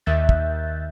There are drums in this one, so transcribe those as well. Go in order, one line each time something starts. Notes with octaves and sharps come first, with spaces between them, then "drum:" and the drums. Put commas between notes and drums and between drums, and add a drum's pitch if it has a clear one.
D#2 D#3 E5 F#6 G6 A6
drum: kick